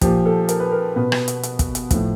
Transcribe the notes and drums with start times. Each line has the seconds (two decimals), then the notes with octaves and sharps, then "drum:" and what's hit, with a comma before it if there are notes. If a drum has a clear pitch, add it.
0.01 A#2 F3 G4, drum: kick, hi-hat
0.26 A4
0.49 A#4, drum: hi-hat
0.60 B4
0.71 A#4
0.96 B2 B4
1.12 drum: rim click
1.28 drum: hi-hat
1.43 drum: hi-hat
1.59 drum: kick, hi-hat
1.75 drum: hi-hat
1.91 A2 F3, drum: kick, hi-hat